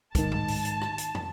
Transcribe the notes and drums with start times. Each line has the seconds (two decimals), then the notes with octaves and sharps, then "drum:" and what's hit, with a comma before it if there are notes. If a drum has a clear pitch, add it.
0.15 G#2 D#3 A5, drum: kick, hi-hat
0.32 drum: tom A2
0.48 drum: open hi-hat
0.65 drum: hi-hat
0.81 drum: rim click
0.98 drum: hi-hat
1.15 drum: tom